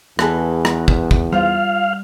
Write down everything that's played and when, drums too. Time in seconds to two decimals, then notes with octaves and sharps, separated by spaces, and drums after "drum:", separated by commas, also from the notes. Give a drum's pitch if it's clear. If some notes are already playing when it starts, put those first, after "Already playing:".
0.19 E2 G#4 A4 B4, drum: rim click
0.65 drum: rim click
0.88 drum: kick
1.11 drum: kick
1.33 G3 F4 C5 F5